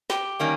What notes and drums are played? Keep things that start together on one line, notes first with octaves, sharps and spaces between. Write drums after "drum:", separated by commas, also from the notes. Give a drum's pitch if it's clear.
G4, drum: snare
D#3 G3 A#3 C#4